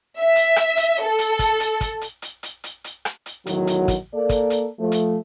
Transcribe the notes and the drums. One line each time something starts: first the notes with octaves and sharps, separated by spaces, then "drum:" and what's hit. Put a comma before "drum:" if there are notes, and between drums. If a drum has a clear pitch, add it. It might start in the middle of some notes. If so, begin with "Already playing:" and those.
E5
drum: hi-hat
drum: rim click
drum: hi-hat
A4
drum: hi-hat
drum: kick, hi-hat
drum: hi-hat
drum: kick, hi-hat
drum: hi-hat
drum: hi-hat
drum: hi-hat
drum: hi-hat
drum: hi-hat
drum: rim click
drum: hi-hat
E2 A2 D#3 F#3, drum: hi-hat
drum: hi-hat
drum: kick, hi-hat
A#3 A4 D5
drum: kick, hi-hat
drum: hi-hat
F3 A3
drum: hi-hat